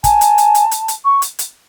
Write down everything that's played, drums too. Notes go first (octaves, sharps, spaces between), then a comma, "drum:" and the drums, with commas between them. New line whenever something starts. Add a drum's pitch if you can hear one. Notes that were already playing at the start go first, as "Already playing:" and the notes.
G#5 A5, drum: kick, hi-hat
drum: hi-hat
drum: hi-hat
drum: hi-hat
drum: hi-hat
drum: hi-hat
C#6
drum: hi-hat
drum: hi-hat